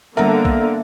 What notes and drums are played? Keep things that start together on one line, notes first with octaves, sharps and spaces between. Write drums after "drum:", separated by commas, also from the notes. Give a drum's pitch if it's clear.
D3 G3 A#3 B3 A#4 E5 F#5 A#5
drum: kick